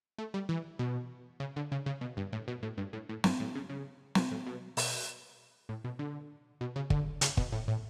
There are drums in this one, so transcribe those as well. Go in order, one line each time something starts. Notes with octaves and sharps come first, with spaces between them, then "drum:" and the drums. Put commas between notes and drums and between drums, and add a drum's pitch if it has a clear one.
A3
G3
E3
B2
C#3
D3
C#3
C#3
B2
G2
A2
B2
A2
G2
A2
A2
G2, drum: snare
A2
C#3
C#3
B2, drum: snare
A2
B2
B2, drum: open hi-hat
A2
B2
D3
B2
C#3
D3, drum: kick
C#3, drum: hi-hat
B2, drum: kick
A2
A2